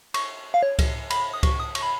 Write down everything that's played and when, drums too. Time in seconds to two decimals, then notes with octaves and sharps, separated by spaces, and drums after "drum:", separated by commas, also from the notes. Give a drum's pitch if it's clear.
0.14 C#6, drum: cymbal
0.54 F5
0.63 C#5
0.79 drum: kick C#2, cymbal
1.10 B5, drum: cymbal
1.34 D#6
1.43 C#6, drum: kick C#2, cymbal
1.60 D#6
1.75 C#6, drum: cymbal
1.82 B5